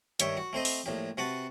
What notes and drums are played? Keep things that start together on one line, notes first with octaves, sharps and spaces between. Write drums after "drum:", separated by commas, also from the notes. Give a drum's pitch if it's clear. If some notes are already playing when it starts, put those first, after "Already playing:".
G2 D#3 C#5 E5 G5, drum: hi-hat
F#4
A3 C4 C5 D#5
drum: open hi-hat
A#1 A2 G4
C3 F#4 B4 F#5 A5